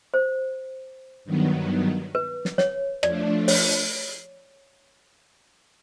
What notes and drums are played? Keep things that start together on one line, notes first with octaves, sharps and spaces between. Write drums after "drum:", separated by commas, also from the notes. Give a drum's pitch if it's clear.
C5
G2 D#3 F#3 B3
B4
drum: snare
C#5, drum: snare
F3 A3 D4 D5, drum: rim click
C#5, drum: open hi-hat